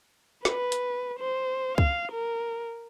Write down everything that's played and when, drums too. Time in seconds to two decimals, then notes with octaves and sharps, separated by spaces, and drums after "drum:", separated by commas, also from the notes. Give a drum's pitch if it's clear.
0.45 B4, drum: snare
0.72 drum: hi-hat
1.20 C5
1.78 F5, drum: kick C#2
2.12 A#4